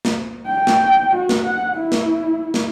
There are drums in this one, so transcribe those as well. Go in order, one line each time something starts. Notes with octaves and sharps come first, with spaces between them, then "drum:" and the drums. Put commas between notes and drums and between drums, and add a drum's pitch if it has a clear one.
drum: snare
G5
drum: snare
F#4
drum: snare
F#5
E4
drum: snare
drum: snare